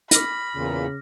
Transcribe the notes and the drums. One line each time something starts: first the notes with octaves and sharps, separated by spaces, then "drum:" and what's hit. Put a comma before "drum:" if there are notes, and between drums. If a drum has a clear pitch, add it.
B5 D6 F6 A#6, drum: hi-hat
E2 A#2 C#3